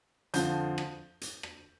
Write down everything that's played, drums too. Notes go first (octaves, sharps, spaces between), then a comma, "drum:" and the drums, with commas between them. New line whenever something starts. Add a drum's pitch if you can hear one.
F2 D3 F3 G6, drum: hi-hat
drum: rim click
drum: hi-hat
drum: rim click